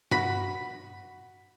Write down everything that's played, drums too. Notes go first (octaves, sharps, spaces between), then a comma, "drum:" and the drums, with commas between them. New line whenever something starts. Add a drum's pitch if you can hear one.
F#4 B5, drum: tom G2